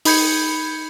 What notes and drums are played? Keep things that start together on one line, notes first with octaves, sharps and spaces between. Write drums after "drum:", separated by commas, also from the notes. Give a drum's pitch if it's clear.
D#4 B5 G6 G#6 C#7, drum: open hi-hat